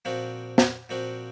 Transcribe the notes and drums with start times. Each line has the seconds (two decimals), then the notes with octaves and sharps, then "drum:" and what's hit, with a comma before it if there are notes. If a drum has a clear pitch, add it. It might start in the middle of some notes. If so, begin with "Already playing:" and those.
0.05 A#2 F3 C4 F#4
0.58 drum: snare
0.89 A#2 F3 C4 F#4